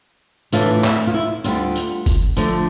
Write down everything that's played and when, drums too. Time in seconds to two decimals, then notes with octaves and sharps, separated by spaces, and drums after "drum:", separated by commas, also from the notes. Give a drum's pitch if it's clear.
0.52 A2 E3 A3 D4 F4, drum: tambourine
0.84 E4, drum: clap
1.07 F4
1.14 E4
1.44 D2 D3 G3 F4, drum: tambourine
1.76 drum: tambourine
2.06 drum: kick, tambourine
2.37 D3 F3 A3 D4, drum: tambourine